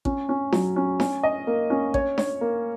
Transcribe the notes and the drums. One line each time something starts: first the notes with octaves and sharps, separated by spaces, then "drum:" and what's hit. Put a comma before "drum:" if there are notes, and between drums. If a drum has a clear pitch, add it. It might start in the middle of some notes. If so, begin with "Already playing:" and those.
C#4, drum: kick A1
C#4
F#3, drum: snare D4
C#4
C#4, drum: snare D4
D#5
A#3
C#4
C#5, drum: kick A1
C#5, drum: snare D4
A#3